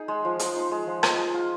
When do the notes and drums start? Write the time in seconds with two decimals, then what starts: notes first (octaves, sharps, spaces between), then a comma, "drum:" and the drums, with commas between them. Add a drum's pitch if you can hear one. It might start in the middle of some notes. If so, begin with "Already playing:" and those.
Already playing: D#4 G#4
0.08 G#3
0.25 F3
0.39 G#4, drum: hi-hat
0.56 D#4
0.71 G#3
0.87 F3
1.03 D#5, drum: rim click
1.18 G#4
1.34 F4